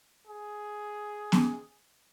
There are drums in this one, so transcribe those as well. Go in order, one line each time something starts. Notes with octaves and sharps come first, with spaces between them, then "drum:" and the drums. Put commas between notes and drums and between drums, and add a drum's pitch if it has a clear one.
G#4
drum: snare B3